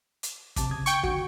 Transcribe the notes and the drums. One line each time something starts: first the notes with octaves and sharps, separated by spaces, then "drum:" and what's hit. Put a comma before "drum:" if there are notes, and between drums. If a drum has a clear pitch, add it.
drum: hi-hat
C3 A5 D6, drum: kick, hi-hat
C#3 D#6 G#6
G5 C#6, drum: hi-hat
D3 F#4, drum: kick